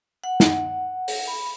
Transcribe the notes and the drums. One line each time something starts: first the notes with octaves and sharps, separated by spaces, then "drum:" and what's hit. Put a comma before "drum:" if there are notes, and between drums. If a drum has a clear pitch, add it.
F#5
drum: snare
drum: open hi-hat
B5